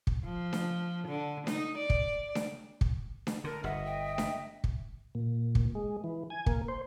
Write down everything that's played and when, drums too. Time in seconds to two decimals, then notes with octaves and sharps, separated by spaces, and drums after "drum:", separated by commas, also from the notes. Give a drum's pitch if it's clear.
0.07 drum: kick
0.24 F3
0.53 drum: snare D4
1.07 D3
1.47 D#4, drum: snare D4
1.78 D5
1.90 drum: kick
2.35 drum: snare D4
2.81 drum: kick
3.27 drum: snare D4
3.44 D3 A#4
3.64 G1 D#5 E5 F#5
3.85 G5
4.18 drum: snare D4
4.64 drum: kick
5.15 A#2
5.55 drum: kick
5.75 G#3
6.04 E3
6.30 G#5
6.46 A#3, drum: kick
6.68 C5